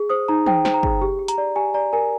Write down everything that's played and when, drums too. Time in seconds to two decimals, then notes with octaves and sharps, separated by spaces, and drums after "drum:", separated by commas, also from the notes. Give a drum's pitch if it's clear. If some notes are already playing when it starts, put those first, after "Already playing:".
Already playing: G#4
0.10 C5 D#6
0.28 D#4 A#5
0.46 C5 G5, drum: tom
0.65 C5, drum: snare
0.74 A#5
0.83 G#4, drum: kick
1.02 G4
1.19 G4
1.28 A#5, drum: hi-hat
1.38 D5
1.56 G4 G#5
1.74 D5 A#5
1.93 A#4 G#5